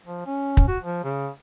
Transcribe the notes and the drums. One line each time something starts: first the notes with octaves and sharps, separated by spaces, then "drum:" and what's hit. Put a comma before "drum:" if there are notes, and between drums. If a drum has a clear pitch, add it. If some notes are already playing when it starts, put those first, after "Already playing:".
F3
C#4
drum: kick
F#4
F3
C#3